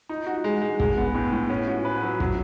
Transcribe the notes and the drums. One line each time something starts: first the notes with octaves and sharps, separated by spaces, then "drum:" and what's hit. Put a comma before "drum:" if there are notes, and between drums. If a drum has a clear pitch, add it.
D#4
F#4
G#3
G#3
G#3, drum: kick
B3
A2
A2
C#4
F#4
B4
F#3
F#3, drum: kick